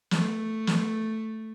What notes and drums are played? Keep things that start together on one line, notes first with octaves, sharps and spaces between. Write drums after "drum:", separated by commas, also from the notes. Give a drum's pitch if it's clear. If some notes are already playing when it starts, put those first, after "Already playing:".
A3, drum: snare
drum: snare